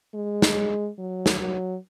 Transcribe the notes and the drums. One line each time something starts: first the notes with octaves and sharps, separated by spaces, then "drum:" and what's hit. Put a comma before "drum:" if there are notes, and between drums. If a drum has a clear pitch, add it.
G#3
drum: snare
F#3
drum: snare
F#3